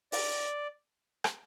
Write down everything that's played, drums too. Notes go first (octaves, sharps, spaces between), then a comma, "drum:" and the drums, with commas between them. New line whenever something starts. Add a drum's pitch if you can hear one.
D5, drum: open hi-hat
drum: rim click